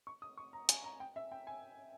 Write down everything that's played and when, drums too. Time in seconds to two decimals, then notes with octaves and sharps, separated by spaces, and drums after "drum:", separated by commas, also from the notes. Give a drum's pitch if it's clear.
0.07 C#6
0.22 D#6
0.37 C#6
0.53 A#5
0.69 G#5, drum: hi-hat
0.84 A#5
1.00 G5
1.16 E5
1.32 G5
1.47 G#5